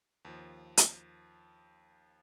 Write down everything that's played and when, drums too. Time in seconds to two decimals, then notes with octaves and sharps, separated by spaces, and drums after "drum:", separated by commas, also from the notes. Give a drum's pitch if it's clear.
0.25 D#2 F3
0.77 drum: hi-hat